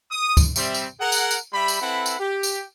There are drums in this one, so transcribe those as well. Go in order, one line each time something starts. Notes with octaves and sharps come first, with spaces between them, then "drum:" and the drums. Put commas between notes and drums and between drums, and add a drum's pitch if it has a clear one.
D#6
drum: kick, tambourine
G3 C4 E5, drum: tambourine
drum: tambourine
G#4 A#4 F#5
drum: tambourine
drum: tambourine
G3 G4 E5 B5
drum: tambourine
C4 E4 A4 B4 F#5 B5
drum: tambourine
G4
drum: tambourine